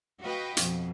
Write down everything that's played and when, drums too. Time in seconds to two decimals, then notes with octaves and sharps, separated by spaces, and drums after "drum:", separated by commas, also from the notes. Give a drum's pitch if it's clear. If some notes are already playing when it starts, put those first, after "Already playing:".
0.20 F#4 B4 D#5 F5 G5
0.57 F2 B2, drum: hi-hat